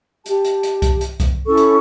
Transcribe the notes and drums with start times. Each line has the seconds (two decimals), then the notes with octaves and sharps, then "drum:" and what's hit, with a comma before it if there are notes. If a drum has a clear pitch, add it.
0.26 G4 A5, drum: hi-hat
0.45 drum: hi-hat
0.63 drum: hi-hat
0.82 drum: kick C2, hi-hat
1.01 drum: hi-hat
1.20 drum: kick C2, hi-hat
1.46 C#4 E4 A4 C#6
1.57 drum: hi-hat